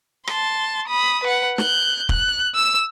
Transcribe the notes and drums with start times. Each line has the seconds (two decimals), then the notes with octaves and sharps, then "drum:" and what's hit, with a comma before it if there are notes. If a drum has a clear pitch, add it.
0.27 A5 C6, drum: rim click
0.88 B5 D#6
1.24 B4 F#5
1.58 F#6 G6, drum: snare
2.09 F#6, drum: kick
2.55 E6 E7